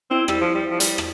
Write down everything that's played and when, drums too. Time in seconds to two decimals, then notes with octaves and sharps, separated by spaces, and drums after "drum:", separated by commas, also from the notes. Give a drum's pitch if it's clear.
0.10 C4 E4
0.28 G3 E4, drum: rim click
0.41 F3
0.55 G3
0.70 F3
0.80 G3, drum: hi-hat
0.98 drum: rim click